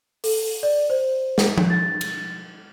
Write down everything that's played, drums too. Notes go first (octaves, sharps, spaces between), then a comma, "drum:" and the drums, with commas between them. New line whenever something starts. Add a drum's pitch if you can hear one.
A4, drum: open hi-hat
D5
C5
drum: snare
drum: tom F3
A6
drum: cymbal